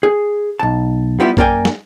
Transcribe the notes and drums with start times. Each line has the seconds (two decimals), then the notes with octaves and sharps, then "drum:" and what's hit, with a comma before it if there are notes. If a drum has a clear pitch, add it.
0.03 G#4
0.59 B1 A5
1.20 G3 A3 B3 E4 F4 G4
1.37 F#2 A#3 A#4 D5 G5 G#5, drum: kick
1.65 drum: snare